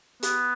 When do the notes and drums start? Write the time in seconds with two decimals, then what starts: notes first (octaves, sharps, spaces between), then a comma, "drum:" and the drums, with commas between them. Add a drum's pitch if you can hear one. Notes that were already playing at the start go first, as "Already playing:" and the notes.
0.23 B3, drum: hi-hat